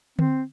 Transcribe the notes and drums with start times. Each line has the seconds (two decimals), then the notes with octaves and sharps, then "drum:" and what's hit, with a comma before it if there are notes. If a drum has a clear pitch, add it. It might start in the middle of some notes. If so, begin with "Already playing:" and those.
0.19 C4, drum: tom D3